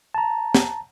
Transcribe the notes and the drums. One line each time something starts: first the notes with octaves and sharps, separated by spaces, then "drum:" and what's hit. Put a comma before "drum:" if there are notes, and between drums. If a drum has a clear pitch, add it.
A5 A#5
drum: snare